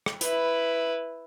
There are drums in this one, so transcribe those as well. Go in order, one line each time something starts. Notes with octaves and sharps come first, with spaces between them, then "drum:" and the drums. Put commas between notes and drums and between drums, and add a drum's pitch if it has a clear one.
drum: rim click
E4 B4, drum: hi-hat